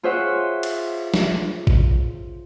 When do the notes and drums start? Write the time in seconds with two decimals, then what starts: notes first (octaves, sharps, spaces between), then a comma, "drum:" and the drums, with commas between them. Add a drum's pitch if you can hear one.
0.03 F4 G#4 C5 C#5 E5 F#5
0.63 drum: cymbal
1.14 drum: snare
1.67 drum: kick A1